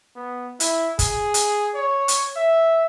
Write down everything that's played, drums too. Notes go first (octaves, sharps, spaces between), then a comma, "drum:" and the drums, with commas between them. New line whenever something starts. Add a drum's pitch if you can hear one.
B3
E4, drum: hi-hat
G#4, drum: kick, hi-hat
drum: hi-hat
C#5
drum: hi-hat
E5